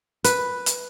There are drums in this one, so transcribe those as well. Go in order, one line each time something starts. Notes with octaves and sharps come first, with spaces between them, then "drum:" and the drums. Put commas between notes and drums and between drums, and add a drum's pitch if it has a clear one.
B4, drum: hi-hat
drum: hi-hat